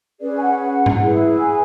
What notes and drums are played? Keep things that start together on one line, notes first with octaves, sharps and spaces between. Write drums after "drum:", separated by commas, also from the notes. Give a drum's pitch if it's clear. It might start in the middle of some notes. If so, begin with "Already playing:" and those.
C#4 G#4 B4 D5
G#5
F#5
F#5
drum: tom G#2
E4 G#4 B4
G#5